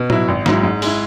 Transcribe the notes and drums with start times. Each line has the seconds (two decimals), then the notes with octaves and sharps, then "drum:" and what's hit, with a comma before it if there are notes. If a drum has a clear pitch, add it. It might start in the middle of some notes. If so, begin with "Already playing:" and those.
Already playing: B2
0.10 F#3 E4, drum: tom A2
0.28 G#1
0.46 G#2 F#3 E4, drum: snare
0.63 G#2
0.82 G#3 E4, drum: open hi-hat